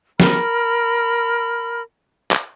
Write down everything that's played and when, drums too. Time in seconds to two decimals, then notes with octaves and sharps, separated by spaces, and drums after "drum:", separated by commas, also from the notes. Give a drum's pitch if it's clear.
0.20 A#4 B5 F6, drum: snare
2.31 drum: clap